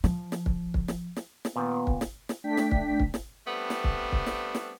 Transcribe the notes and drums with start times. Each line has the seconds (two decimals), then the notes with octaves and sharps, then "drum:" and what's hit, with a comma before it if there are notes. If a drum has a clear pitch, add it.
0.04 F3, drum: snare
0.32 drum: snare
0.46 drum: kick
0.74 drum: kick
0.88 drum: snare
1.16 drum: snare
1.45 drum: snare
1.56 A#2 D#3 B3
1.87 drum: kick
2.01 drum: snare
2.29 drum: snare
2.44 A3 D4 G5 B6
2.57 drum: snare
2.71 drum: kick
3.00 drum: kick
3.14 drum: snare
3.47 G3 A3 B3 C4 D4
3.70 drum: snare
3.84 drum: kick
4.12 drum: kick
4.26 drum: snare
4.55 drum: snare